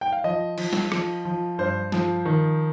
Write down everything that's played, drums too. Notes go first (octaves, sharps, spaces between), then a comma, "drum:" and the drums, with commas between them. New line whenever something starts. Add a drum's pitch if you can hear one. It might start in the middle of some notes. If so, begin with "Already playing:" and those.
G5
F5
F3 D#5
F3, drum: cymbal
drum: snare
F3, drum: rim click
F3
G2 C5
F3, drum: snare
D#3